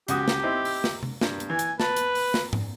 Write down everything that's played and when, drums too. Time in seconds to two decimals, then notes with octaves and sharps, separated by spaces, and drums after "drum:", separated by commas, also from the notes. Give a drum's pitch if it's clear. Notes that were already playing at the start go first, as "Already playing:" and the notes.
0.08 C#2 F#4 G4 D#6, drum: hi-hat
0.28 drum: snare
0.43 C4 D#4 E4
0.65 drum: open hi-hat
0.84 drum: snare
1.03 drum: tom C3
1.21 G2, drum: snare
1.40 drum: hi-hat
1.50 E3 G#5
1.59 drum: hi-hat
1.80 B4 A5, drum: snare
1.96 drum: hi-hat
2.15 drum: open hi-hat
2.34 drum: snare
2.53 drum: tom G#2